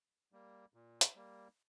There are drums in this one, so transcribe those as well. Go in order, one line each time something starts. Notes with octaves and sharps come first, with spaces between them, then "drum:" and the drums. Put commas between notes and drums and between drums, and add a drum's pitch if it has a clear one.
G3 A#3
A#2
drum: hi-hat
G3 A#3